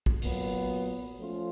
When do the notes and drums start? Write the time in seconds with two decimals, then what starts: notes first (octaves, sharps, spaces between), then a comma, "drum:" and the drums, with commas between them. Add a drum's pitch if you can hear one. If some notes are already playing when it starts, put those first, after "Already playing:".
0.06 drum: kick A1
0.22 A#2 F#3 B3, drum: open hi-hat
1.19 F3 A3 C#4 F4